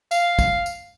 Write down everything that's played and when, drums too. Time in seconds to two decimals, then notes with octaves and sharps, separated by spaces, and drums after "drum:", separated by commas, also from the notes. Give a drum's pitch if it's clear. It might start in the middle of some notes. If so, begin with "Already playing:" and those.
0.11 F5, drum: tambourine
0.39 drum: kick, tambourine
0.66 drum: tambourine